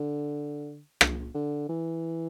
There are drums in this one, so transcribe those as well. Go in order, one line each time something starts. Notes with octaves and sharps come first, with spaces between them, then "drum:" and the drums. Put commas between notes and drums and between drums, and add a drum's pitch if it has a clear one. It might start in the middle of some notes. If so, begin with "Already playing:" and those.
Already playing: D3
drum: rim click
D3
E3